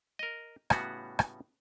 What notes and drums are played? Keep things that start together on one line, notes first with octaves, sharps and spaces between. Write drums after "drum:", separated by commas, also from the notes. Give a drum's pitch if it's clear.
A#4 D#5
A2 C#3 G3 B3 F#4, drum: rim click
drum: rim click